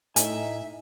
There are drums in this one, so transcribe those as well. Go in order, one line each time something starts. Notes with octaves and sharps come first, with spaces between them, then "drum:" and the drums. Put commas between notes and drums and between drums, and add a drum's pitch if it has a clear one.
A2 D#4 E5 G#5, drum: hi-hat